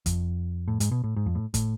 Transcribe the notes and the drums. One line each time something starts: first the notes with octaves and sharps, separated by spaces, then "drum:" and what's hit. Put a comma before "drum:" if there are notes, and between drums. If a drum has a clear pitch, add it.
F2, drum: kick, hi-hat
A2
G#2, drum: hi-hat
B2
A2
G#2
F2
A2
A2, drum: kick, hi-hat